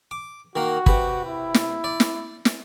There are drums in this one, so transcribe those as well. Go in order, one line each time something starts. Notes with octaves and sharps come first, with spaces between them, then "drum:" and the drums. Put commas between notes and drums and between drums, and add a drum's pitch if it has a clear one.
D6
D#3 A#3 F#4
C3 B4, drum: kick
E4
drum: snare
D5
drum: snare
drum: snare